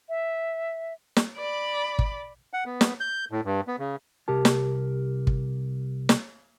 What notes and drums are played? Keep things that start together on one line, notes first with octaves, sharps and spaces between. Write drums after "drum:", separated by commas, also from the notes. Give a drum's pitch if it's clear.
E5
drum: snare
D5 B5
drum: kick
F#5
B3
drum: snare
G6
A2
G2
B3
C#3
C2 C3 G4 A#4 A5
drum: snare
drum: kick
drum: snare